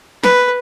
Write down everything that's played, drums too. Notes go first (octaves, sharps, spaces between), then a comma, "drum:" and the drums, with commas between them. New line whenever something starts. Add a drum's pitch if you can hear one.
B4, drum: snare